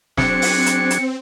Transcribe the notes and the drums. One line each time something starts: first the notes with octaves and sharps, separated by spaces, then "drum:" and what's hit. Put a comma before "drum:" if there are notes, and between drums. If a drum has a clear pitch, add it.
F#3 C4 D4 G#4 C#7, drum: snare
drum: open hi-hat
drum: hi-hat
drum: hi-hat